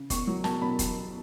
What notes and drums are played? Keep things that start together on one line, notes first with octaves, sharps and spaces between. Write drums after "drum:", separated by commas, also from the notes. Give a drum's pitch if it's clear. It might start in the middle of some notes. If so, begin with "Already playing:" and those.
Already playing: C#3
B2 C#6, drum: kick F1, hi-hat
F#3
B2 A5, drum: snare
B2 B5
drum: kick F1, hi-hat